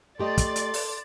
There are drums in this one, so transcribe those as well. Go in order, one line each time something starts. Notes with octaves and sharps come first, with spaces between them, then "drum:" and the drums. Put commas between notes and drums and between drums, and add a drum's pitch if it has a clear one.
A3 G4 A4 D5 D#5 C6 A6
drum: kick, hi-hat
drum: hi-hat
drum: open hi-hat